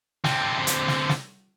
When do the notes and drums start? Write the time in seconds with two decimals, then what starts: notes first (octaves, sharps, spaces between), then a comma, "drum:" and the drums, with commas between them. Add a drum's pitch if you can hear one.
0.24 D3 C4, drum: snare
0.67 drum: hi-hat
0.88 drum: snare
1.09 drum: snare